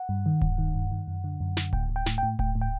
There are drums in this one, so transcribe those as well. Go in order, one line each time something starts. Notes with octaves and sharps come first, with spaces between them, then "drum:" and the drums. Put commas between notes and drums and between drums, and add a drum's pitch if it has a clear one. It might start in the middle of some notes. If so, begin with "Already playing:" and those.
Already playing: F#5
G2
D#3
G2, drum: kick D1
D#3
G2
D#3
F#2
D3
F#2
D3, drum: snare
A2 G5, drum: kick D1
A2
G5
A2, drum: snare
A2 G5
A2 G5, drum: kick D1
A2
G5